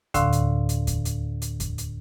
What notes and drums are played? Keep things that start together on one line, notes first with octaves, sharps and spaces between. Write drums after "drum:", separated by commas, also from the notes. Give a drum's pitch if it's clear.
D2 A2 D3 F5 C6 E6, drum: kick E2, hi-hat
drum: hi-hat
drum: hi-hat
drum: kick E2, hi-hat
drum: hi-hat
drum: hi-hat
drum: kick E2, hi-hat
drum: hi-hat